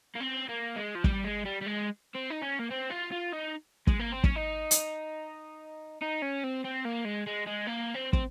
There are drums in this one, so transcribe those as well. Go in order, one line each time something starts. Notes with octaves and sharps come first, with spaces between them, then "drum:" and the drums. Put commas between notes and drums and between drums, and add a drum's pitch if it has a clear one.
A#3
C4
A#3
G#3
F3
G3, drum: kick
G#3
G3
G3
G#3
C4
D#4
C#4
A#3
C4
F4
F4
D#4
G#3, drum: kick
A#3
C4
C#4, drum: kick
D#4
drum: hi-hat
D#4
C#4
C4
C4
A#3
G#3
G#3
G#3
A#3
C4
C4, drum: kick